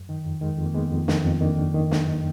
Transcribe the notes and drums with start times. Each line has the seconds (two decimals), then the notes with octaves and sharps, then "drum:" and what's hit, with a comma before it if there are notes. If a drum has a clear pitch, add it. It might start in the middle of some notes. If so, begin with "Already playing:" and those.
Already playing: F#2
0.09 D#3
0.25 F2
0.41 D#3 G#3
0.58 F2
0.66 A#3
0.74 D#3 G#3 B3
0.91 F2
1.08 D#3, drum: snare
1.25 F2
1.41 D#3 A#3 D4
1.58 F#2
1.74 D#3
1.91 F#2, drum: snare
2.08 D#3